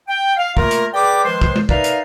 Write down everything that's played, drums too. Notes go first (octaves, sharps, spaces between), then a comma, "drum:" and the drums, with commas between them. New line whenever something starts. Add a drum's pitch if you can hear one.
G5
F5
A3 A#3 F4 A#4, drum: kick
drum: hi-hat
G#4 B4 D5 G5 D6
D#3 F3 G#3 B4 C5
drum: kick
drum: tom G#3
D#4 A#4 B4 D5 E5 F5, drum: kick
drum: hi-hat